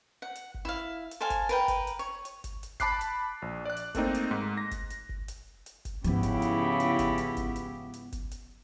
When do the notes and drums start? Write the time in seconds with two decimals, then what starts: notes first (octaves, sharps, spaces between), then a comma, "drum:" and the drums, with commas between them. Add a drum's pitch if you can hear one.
0.22 F#5
0.35 drum: hi-hat
0.54 drum: kick F#1
0.65 E4 F5
1.11 drum: hi-hat
1.21 A4 C5 F5 G#5
1.30 drum: kick F#1, hi-hat
1.49 A#4 B4 G5, drum: hi-hat
1.68 drum: kick F#1, hi-hat
1.87 drum: hi-hat
1.99 C#5
2.25 drum: hi-hat
2.44 drum: kick F#1, hi-hat
2.63 drum: hi-hat
2.80 A5 B5 D6 F#6 C7, drum: kick F#1, hi-hat
3.01 drum: hi-hat
3.42 A#1
3.66 D5 F#6
3.77 drum: hi-hat
3.95 A3 A#3 C4 D#4, drum: kick F#1, hi-hat
4.15 drum: hi-hat
4.31 G#2
4.57 A#6
4.71 drum: kick F#1, hi-hat
4.90 drum: hi-hat
5.09 drum: kick F#1
5.28 drum: hi-hat
5.66 drum: hi-hat
5.85 drum: kick F#1, hi-hat
6.04 G#2 C#3 F3 B3 E4 G4, drum: hi-hat
6.23 drum: kick F#1, hi-hat
6.42 drum: hi-hat
6.80 drum: hi-hat
6.99 drum: kick F#1, hi-hat
7.18 drum: hi-hat
7.37 drum: kick F#1, hi-hat
7.56 drum: hi-hat
7.94 drum: hi-hat
8.13 drum: kick F#1, hi-hat
8.31 drum: hi-hat